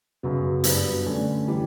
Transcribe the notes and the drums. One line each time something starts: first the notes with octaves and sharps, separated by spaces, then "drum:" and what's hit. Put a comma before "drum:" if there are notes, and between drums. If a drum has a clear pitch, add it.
F#2 C#3 F#3 B3
G2 F#3 B3, drum: hi-hat
D3 A3 C#4
E3 G3